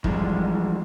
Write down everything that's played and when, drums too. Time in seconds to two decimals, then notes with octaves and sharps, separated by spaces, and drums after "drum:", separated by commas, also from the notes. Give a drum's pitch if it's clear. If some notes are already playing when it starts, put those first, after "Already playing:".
0.04 E2 F3 G3 G#3, drum: kick